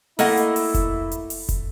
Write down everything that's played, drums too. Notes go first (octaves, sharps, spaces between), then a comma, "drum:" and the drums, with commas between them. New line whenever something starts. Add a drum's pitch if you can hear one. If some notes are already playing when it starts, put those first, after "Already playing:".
A3 A#3 E4 D#5 F#5, drum: open hi-hat
drum: hi-hat
drum: open hi-hat
drum: kick F1, hi-hat
drum: hi-hat
drum: open hi-hat
drum: kick F1, hi-hat